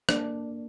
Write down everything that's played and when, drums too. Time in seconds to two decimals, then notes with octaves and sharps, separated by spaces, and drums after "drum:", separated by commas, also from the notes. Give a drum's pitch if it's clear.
0.09 A#3 D4, drum: rim click